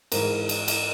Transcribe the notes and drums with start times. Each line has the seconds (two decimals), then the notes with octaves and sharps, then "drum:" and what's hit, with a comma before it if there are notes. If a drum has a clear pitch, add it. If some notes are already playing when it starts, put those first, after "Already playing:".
0.12 G#2 E3 A#4, drum: cymbal
0.49 drum: cymbal
0.68 drum: cymbal